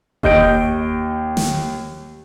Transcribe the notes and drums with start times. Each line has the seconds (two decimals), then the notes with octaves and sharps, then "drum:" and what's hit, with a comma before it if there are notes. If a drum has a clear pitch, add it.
0.23 D#2 D#5 G6 D7, drum: kick F1
1.37 drum: snare